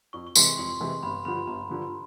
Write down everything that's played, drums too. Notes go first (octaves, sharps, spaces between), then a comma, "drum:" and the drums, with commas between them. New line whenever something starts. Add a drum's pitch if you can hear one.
F2 C#6
C#6
C3 E3 G#3 C6, drum: tambourine
F2 C6
C3 E3 G#3
C6
G1 B5
G2 D3 F3 B5
G1 A#5
G2 D3 F3